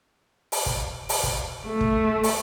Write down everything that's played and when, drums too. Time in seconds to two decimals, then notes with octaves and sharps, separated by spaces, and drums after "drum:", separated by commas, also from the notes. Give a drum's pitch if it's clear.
0.52 drum: open hi-hat
0.66 drum: kick
1.09 drum: open hi-hat
1.23 drum: kick
1.66 A3
1.81 drum: kick
2.23 drum: open hi-hat